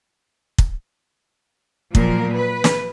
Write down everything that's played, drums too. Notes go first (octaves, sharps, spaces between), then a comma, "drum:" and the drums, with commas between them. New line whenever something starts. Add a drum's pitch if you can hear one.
drum: kick
A#2 F3 F#3 A#4, drum: kick
B4
drum: snare